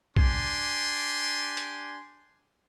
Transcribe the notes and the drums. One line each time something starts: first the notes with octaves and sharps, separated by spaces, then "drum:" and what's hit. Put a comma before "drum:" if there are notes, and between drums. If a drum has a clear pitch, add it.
D4 G4 G#5 C6, drum: kick
drum: hi-hat